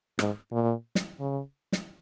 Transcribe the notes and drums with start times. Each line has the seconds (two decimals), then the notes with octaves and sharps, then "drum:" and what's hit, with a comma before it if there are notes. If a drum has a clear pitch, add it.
0.19 G#2, drum: rim click
0.52 A#2
0.95 drum: snare
1.20 C#3
1.72 drum: snare